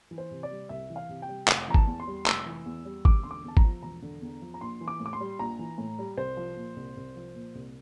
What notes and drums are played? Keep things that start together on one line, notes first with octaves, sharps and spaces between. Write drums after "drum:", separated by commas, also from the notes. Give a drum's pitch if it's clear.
E3
C5
C3
D5
G3
C2 E5
E3
F5
C3
G5
G3
F1, drum: clap
E3 A#5
A5, drum: kick
E2
C6
G3
F1 E6, drum: clap
E3
E2
G3
E1 D6, drum: kick
D3 C6
D6
E2 A5
A#5, drum: kick
F3
E1 A#5
D3
E2
F3
A#5
A#1 C6
E3
D6
A2
D6
C6
G3
A#1 A#5
E3
A2
G3
C2 C5
F3
A#2
C2
C2
F3
A#2
C2